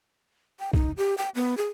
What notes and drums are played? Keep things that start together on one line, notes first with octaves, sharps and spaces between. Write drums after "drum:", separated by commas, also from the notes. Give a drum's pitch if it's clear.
G5
D#4, drum: kick
G4
G5
B3
G#4